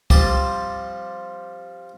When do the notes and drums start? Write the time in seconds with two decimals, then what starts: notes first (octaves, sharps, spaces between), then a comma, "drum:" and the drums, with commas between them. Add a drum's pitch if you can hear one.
0.10 F3 G3 C4 D5 A5 C6, drum: kick C#2